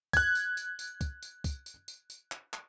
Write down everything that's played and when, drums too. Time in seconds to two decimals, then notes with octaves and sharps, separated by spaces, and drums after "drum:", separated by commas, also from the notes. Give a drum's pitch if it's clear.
0.13 F#6 G#6, drum: kick, tambourine
0.35 drum: tambourine
0.57 drum: tambourine
0.79 drum: tambourine
1.01 drum: kick, tambourine
1.23 drum: tambourine
1.44 drum: kick, tambourine
1.66 drum: tambourine
1.88 drum: tambourine
2.10 drum: tambourine
2.32 drum: clap
2.53 drum: clap